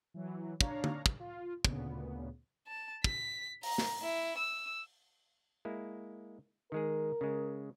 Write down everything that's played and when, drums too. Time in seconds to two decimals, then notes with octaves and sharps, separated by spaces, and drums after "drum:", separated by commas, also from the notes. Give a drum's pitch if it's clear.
0.14 E3 F#3
0.61 D4 C#5 F5 A#5, drum: kick
0.84 drum: tom
1.06 drum: kick
1.20 F4
1.65 D2 A#2 C#3 B3, drum: kick
2.67 A5
3.04 B6, drum: kick
3.63 A#5, drum: open hi-hat
3.78 drum: snare
4.02 E4
4.38 E6
5.65 G#3 A#3 E4
6.72 D#3 G#3 G#4 A#4
7.21 C#3 G#3